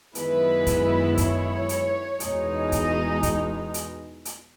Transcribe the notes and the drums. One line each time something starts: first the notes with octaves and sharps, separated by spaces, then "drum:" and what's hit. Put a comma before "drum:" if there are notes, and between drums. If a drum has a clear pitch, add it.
F#2 D#3 G#3 B3 E4 B4, drum: hi-hat
drum: kick, hi-hat
C#5, drum: kick, hi-hat
drum: hi-hat
E2 B2 G#3 D#4, drum: hi-hat
D#5, drum: kick, hi-hat
drum: kick, hi-hat
drum: hi-hat
drum: hi-hat